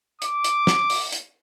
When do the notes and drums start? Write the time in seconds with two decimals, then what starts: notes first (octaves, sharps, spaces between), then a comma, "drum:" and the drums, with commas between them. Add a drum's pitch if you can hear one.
0.22 D6, drum: hi-hat
0.44 drum: hi-hat
0.67 drum: snare
0.90 drum: open hi-hat
1.12 drum: hi-hat